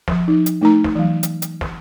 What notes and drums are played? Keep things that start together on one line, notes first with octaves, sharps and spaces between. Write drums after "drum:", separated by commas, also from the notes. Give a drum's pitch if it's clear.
F3, drum: snare
F3 D#4
drum: hi-hat
A3 D#4 A#4 A#5
drum: snare
E3 F#3
drum: hi-hat
drum: hi-hat
drum: snare